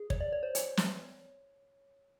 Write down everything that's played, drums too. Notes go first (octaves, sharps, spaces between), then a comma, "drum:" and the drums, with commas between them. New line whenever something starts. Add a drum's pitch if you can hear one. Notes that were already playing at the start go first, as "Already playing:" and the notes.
Already playing: G#4
C#5, drum: kick
D5
C#5
C5
C#5, drum: hi-hat
drum: snare